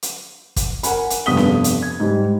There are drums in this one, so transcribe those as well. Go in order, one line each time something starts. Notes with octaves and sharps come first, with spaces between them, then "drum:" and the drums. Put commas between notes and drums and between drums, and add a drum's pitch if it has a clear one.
drum: hi-hat
drum: kick, hi-hat
A#4 F#5 G#5 B5, drum: hi-hat
drum: hi-hat
F1 G2 B3 D#6 B6 G7
drum: snare C#4
drum: hi-hat
G#6
G#2 G3